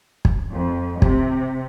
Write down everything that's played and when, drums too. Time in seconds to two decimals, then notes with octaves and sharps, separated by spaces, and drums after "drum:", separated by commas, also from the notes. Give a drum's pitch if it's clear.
0.25 drum: kick
0.53 F2
1.02 C3, drum: kick